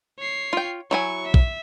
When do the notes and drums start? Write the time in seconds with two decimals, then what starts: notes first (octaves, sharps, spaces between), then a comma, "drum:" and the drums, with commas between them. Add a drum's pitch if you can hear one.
0.19 C#5 C7
0.53 F4 G5
0.91 F#3 E4 G#5 C#6
1.25 E5
1.34 drum: kick